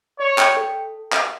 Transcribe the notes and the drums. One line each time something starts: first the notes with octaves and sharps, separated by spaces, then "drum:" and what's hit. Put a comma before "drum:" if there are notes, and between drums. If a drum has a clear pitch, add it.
C#5 D5
G5, drum: clap
A4
drum: clap